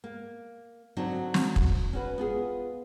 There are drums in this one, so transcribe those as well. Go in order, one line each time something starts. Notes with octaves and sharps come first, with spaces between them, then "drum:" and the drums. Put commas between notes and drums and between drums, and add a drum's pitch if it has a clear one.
A#3
D3 F#3 C4 D4 D#4
drum: snare
drum: kick
C#4 F#4 B4
B3 F4 G#4